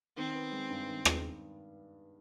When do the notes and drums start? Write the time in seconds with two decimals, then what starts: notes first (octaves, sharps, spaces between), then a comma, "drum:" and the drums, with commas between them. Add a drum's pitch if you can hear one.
0.17 D#3 C4
0.35 B3
0.52 G#3
0.70 G2
0.87 D#3
1.05 drum: rim click